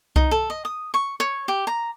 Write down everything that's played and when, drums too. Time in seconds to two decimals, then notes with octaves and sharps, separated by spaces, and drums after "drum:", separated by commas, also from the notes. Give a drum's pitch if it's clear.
0.16 D#4, drum: kick C2
0.31 A4
0.50 D#5
0.65 D#6
0.94 C#6
1.20 C#5
1.48 G4
1.67 A#5